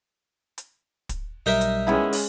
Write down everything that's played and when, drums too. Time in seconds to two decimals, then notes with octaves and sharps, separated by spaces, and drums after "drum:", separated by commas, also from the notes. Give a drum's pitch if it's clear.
0.58 drum: hi-hat
1.09 drum: kick, hi-hat
1.46 B1 G3 D#4 A#4 E5 G6
1.61 drum: hi-hat
1.87 D#3 G#3 B3 C#4 E4
2.13 drum: open hi-hat